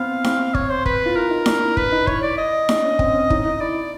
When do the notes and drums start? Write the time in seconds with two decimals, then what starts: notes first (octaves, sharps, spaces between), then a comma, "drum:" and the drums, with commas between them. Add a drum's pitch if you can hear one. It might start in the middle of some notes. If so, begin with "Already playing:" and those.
Already playing: B3 C4 F5
0.24 C4, drum: snare E4
0.55 C#5, drum: kick
0.70 C5
0.86 B4, drum: kick
1.06 F4
1.16 E4 A#4
1.31 D#4
1.46 D4, drum: snare E4
1.62 E4
1.77 B4, drum: kick
1.92 D#4
2.07 E4 C#5, drum: kick
2.22 E4 D5
2.38 D#5
2.69 D4, drum: snare E4
2.84 C#4
2.99 C4, drum: kick
3.14 C#4
3.30 D#4, drum: kick
3.45 D#4
3.60 E4 D5